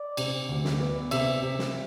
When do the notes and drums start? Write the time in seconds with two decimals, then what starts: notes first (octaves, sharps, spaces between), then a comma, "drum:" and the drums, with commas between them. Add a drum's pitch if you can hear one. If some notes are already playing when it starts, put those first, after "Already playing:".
Already playing: D5
0.17 C3, drum: cymbal
0.49 D2
0.64 drum: snare
0.80 B3
1.11 C3 E5, drum: cymbal
1.43 C3
1.59 drum: snare